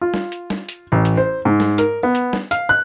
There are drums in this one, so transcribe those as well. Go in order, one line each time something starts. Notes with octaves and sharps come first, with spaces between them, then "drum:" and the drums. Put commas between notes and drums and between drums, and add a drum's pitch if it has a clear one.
F4
drum: snare
drum: hi-hat
drum: snare
drum: hi-hat
A1
drum: hi-hat
C5
G#2
drum: snare
A#4, drum: hi-hat
B3
drum: hi-hat
drum: snare
F5, drum: hi-hat
F#6